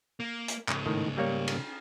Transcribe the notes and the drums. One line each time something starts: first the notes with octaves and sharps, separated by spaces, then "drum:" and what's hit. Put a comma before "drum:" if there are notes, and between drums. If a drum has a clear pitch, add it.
A#3
drum: hi-hat
G#2 C#3, drum: clap
A2 D#3
G3 A#3 C#5
drum: cymbal